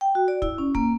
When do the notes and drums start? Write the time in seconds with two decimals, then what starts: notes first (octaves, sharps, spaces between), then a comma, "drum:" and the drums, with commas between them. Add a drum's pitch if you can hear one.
0.01 G5
0.15 F#4
0.28 D5
0.42 E4, drum: kick
0.58 C#4
0.75 A#3, drum: kick